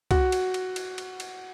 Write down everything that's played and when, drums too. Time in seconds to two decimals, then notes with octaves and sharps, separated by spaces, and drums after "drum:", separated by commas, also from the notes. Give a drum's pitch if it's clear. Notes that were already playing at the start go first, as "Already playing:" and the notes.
0.11 F#4, drum: kick, cymbal
0.32 drum: cymbal
0.54 drum: cymbal
0.76 drum: cymbal
0.98 drum: cymbal
1.20 drum: cymbal